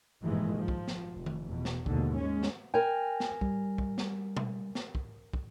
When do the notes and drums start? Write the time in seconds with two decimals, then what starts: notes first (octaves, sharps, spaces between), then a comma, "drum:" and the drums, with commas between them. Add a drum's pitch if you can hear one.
0.23 G#1 G2 A#2 D#3 E3 G#3
0.56 F3
0.68 drum: kick
0.88 drum: snare
1.15 F1
1.26 drum: tom D#3
1.46 E2 B2
1.65 drum: snare
1.86 D#2 G#2 B2 D3, drum: kick
2.16 G#3 C#4
2.43 drum: snare
2.74 A#4 G5 G#5
3.20 drum: snare
3.41 G3, drum: kick
3.78 drum: kick
3.98 drum: snare
4.37 drum: tom B2
4.75 drum: snare
4.95 drum: kick
5.34 drum: kick